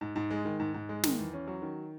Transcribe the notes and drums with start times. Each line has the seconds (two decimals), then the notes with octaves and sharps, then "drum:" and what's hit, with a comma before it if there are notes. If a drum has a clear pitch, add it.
0.01 G#2
0.16 G#2
0.30 G#3
0.45 D#3
0.60 G#2
0.74 G#2
0.89 G#3
1.04 D#3, drum: snare
1.18 E2
1.33 C#4
1.47 F#3
1.62 D#3